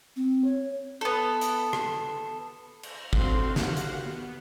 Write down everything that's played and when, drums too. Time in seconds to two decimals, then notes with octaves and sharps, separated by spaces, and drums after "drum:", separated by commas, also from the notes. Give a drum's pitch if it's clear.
0.16 C4
0.44 C#5
1.01 B3 A4
1.41 drum: hi-hat
1.73 drum: rim click
2.83 drum: cymbal
3.13 D3 C4 F#4 F5 C6, drum: kick G#1
3.56 F#4 G4 F5 F#5, drum: snare
3.77 drum: hi-hat
4.04 B3